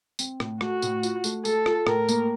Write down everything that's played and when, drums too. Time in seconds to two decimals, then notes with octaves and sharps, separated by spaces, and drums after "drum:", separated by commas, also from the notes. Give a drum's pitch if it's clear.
0.19 C4, drum: tambourine
0.40 A2, drum: rim click
0.61 A3 F#4, drum: rim click
0.82 A2, drum: tambourine
1.03 F4, drum: tambourine
1.24 A3, drum: tambourine
1.45 A3 A4, drum: tambourine
1.66 F4, drum: rim click
1.87 A2 A#4, drum: rim click
2.09 A#3, drum: tambourine